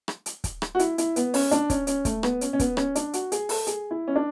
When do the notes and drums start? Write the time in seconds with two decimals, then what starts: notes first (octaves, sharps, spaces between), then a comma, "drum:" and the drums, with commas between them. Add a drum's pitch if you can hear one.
0.08 drum: rim click
0.26 drum: hi-hat
0.44 drum: kick, hi-hat
0.62 drum: rim click
0.75 F#4
0.79 E4, drum: hi-hat
0.98 E4, drum: hi-hat
1.16 B3, drum: hi-hat
1.34 C#4, drum: open hi-hat
1.51 D4, drum: hi-hat
1.70 C#4, drum: kick, hi-hat
1.87 C#4, drum: hi-hat
2.05 A3, drum: kick, hi-hat
2.23 B3, drum: rim click
2.41 C#4, drum: hi-hat
2.53 C#4
2.59 B3, drum: kick, hi-hat
2.77 C#4, drum: rim click
2.95 D4, drum: hi-hat
3.13 F#4, drum: hi-hat
3.32 G#4, drum: hi-hat
3.49 A4, drum: open hi-hat
3.67 G#4, drum: hi-hat
3.91 E4
4.08 C#4
4.16 D4